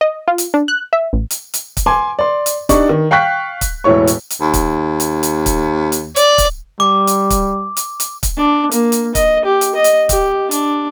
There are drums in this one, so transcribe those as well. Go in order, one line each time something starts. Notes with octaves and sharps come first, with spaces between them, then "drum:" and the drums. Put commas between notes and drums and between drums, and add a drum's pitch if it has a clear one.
D#5
F4
drum: hi-hat
D4
F#6
E5
A1
drum: hi-hat
drum: hi-hat
drum: kick, hi-hat
G#5 C6 D6
D5 C6
drum: hi-hat
D4 D#4 G4 D5 C#6, drum: kick, hi-hat
D#3
F5 G5 C#6 F#6 B6
drum: kick, hi-hat
E1 A2 E4 C#5 C#6
drum: hi-hat
drum: hi-hat
D#2
drum: kick, hi-hat
drum: hi-hat
drum: hi-hat
drum: kick, hi-hat
drum: hi-hat
D5, drum: hi-hat
drum: kick, hi-hat
G3 D6
drum: hi-hat
drum: kick, hi-hat
drum: hi-hat
drum: hi-hat
drum: kick, hi-hat
D4
A#3, drum: hi-hat
drum: hi-hat
D#5, drum: kick, hi-hat
G4
drum: hi-hat
D#5
drum: hi-hat
G4, drum: kick, hi-hat
D4, drum: hi-hat